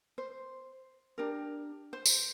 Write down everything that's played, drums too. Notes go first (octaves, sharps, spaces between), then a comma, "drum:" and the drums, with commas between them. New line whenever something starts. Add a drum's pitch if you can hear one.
C5
D4 G4 A#4
C5
drum: tambourine